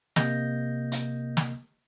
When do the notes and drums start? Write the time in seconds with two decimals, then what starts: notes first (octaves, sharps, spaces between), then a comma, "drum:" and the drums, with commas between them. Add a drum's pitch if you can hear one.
0.16 C3 A#3 D#5 G6 A#6, drum: snare
0.92 drum: hi-hat
1.37 drum: snare